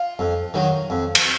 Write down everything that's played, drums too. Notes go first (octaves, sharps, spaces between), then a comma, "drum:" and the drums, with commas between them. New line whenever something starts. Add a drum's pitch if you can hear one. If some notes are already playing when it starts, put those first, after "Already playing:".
Already playing: F4
F2
D#3 F#3
F2
drum: cymbal